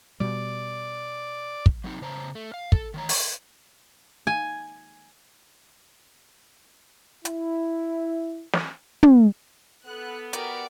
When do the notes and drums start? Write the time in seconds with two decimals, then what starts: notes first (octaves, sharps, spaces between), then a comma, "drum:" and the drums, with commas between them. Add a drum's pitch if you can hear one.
0.20 B2 G3 D5
1.66 drum: kick
1.84 F#3 C4 D#4
2.02 C#3 C5 A5 A#5
2.35 A3
2.54 F5
2.72 A4, drum: kick
2.94 D#3 E3 C#5 A#5
3.09 drum: open hi-hat
4.27 G#5
7.25 E4, drum: hi-hat
8.53 drum: snare
9.03 drum: tom
9.86 B3 A4 F#6
10.33 F#4 G4 A#4 D5, drum: hi-hat